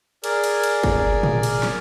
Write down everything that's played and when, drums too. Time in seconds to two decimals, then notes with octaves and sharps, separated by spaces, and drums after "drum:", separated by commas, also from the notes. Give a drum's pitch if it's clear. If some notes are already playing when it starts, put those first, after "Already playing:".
0.24 G#4 A#4 D5, drum: cymbal
0.44 drum: cymbal
0.64 drum: cymbal
0.83 drum: kick
1.23 drum: tom A#2
1.43 drum: cymbal
1.63 drum: snare